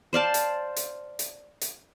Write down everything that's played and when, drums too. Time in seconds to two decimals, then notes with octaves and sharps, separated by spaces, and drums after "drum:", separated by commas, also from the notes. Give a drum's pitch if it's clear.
0.13 C5 D5 F5 A5
0.34 drum: hi-hat
0.76 drum: hi-hat
1.19 drum: hi-hat
1.61 drum: hi-hat